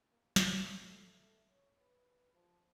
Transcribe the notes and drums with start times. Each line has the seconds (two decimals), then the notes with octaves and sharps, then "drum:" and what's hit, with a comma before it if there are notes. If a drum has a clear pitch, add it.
0.11 A#3
0.36 drum: snare
0.46 C#3
0.81 A3
1.17 A3
1.48 C#5
1.79 B4
2.34 F3